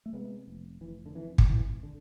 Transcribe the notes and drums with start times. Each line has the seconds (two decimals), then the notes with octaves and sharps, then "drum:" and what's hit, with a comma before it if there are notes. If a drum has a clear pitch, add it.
0.06 A3
0.13 C3 G#3 B3
0.48 F1
0.81 F1 E3
1.06 D3
1.15 F2 E3
1.38 drum: kick
1.49 G#1 E3
1.83 D3